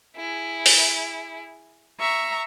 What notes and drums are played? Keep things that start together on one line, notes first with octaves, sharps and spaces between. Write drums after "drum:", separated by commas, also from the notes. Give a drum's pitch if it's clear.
E4 G#4
drum: open hi-hat
E5 A#5 C#6